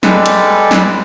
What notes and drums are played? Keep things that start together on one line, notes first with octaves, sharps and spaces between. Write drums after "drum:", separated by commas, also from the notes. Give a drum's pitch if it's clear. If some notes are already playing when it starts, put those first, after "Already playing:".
G3 G#3 A4 B4, drum: snare
drum: cymbal
drum: snare